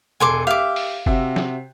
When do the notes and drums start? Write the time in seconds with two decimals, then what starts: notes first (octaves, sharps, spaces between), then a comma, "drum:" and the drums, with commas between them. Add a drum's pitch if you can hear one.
0.20 E1 A4 G#5 C6 D6
0.47 G4 E5 F5 D6
0.76 drum: open hi-hat
1.06 C3 F#4 E5, drum: kick F#1
1.36 drum: snare